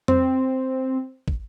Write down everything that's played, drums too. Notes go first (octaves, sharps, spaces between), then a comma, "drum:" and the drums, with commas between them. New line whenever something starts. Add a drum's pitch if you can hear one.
C4, drum: tom F2
drum: kick